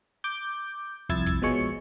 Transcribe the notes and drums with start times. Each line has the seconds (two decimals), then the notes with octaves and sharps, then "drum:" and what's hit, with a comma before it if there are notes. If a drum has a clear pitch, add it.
0.24 D6 G6
1.09 C2 F2 E4 E6 G#6 A6, drum: kick
1.26 drum: kick
1.42 B2 F3 G#3 C#5 C#7